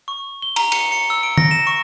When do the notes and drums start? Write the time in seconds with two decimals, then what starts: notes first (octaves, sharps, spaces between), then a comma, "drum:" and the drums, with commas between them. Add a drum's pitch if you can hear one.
0.08 C#6
0.42 G7
0.56 A#5, drum: cymbal
0.72 C#7, drum: cymbal
0.92 C#7
1.10 E6
1.23 D7
1.38 A#6, drum: tom
1.51 E7
1.67 C#6